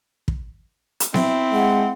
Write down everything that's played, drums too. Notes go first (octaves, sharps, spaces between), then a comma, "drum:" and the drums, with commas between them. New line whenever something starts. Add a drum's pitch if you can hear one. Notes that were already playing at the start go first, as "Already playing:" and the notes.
drum: kick
drum: hi-hat
C4 E4, drum: snare B3
G#3 F#5